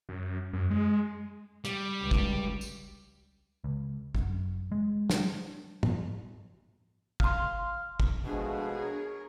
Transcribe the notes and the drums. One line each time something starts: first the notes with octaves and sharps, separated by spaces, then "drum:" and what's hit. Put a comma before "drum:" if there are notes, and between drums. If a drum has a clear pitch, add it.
F#2
F#2
G#3
G3, drum: hi-hat
C#2
drum: kick
drum: tambourine
C#2
F#2, drum: kick
G#3
D4, drum: snare
drum: tom
F5 C6, drum: kick
drum: kick
B2 F3 G#3 A3 D4 G#4
A#4 C#5